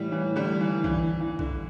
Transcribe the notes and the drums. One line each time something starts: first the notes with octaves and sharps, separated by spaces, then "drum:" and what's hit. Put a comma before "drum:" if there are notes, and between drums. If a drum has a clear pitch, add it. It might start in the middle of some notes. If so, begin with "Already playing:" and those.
Already playing: A2 E3 G3
E3
D3 G3
E3
E3, drum: kick A#1
E3
D3, drum: kick A#1